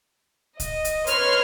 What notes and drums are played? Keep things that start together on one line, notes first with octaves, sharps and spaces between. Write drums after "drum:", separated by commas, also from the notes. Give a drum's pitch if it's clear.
D#5, drum: kick, hi-hat
drum: hi-hat
B4 C#5 C6 F6, drum: hi-hat